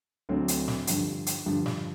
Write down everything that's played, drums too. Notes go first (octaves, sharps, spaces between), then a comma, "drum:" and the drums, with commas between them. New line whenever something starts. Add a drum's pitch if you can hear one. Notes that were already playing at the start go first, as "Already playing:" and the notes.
D2 D3 F#3 A3 C4
drum: hi-hat
drum: snare
G2 D3 F3, drum: hi-hat
drum: hi-hat
G2 D3 F3
drum: snare